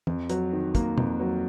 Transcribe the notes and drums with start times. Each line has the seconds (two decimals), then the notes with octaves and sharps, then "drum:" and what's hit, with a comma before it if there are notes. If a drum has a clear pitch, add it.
0.07 F2, drum: tom
0.30 F#3, drum: hi-hat
0.53 D#3
0.75 A#3, drum: kick, hi-hat
0.98 F2, drum: tom
1.20 F#3